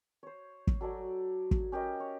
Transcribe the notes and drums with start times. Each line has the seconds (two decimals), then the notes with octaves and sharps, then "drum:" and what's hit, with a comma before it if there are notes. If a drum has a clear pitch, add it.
0.23 C5 C#5
0.67 drum: kick
0.81 F#3 A4 D5 G#5
1.51 drum: kick
1.72 C#4 G4 A#4 D#5
2.00 C#5